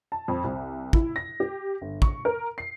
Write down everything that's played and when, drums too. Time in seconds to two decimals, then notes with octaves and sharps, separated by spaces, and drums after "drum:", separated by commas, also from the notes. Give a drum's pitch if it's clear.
0.12 A5
0.28 F2
0.44 C2
0.93 E4, drum: kick
1.16 A#6
1.40 G4
1.82 G1
2.02 C#6, drum: kick
2.25 A#4
2.58 C7